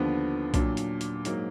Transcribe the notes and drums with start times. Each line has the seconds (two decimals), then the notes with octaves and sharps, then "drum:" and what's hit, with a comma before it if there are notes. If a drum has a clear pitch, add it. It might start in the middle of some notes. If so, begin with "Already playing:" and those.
Already playing: D#2 D3 F3 B3 D4
0.54 A#2 F#3 D4, drum: kick B1, hi-hat
0.77 drum: hi-hat
1.01 drum: hi-hat
1.25 G#2 F#3 A#3, drum: hi-hat